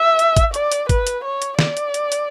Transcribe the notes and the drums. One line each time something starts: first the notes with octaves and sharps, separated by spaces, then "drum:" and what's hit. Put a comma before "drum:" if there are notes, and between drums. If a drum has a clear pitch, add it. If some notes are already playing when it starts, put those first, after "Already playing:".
Already playing: E5
drum: hi-hat
drum: kick, hi-hat
D5, drum: hi-hat
drum: hi-hat
B4, drum: kick, hi-hat
drum: hi-hat
C#5
drum: hi-hat
D5, drum: snare
drum: hi-hat
drum: hi-hat
drum: hi-hat